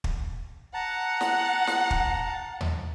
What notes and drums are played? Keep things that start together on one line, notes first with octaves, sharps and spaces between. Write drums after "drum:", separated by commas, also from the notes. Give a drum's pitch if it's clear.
drum: kick
F#5 A5 A#5
drum: snare
drum: snare
drum: kick
drum: tom D#2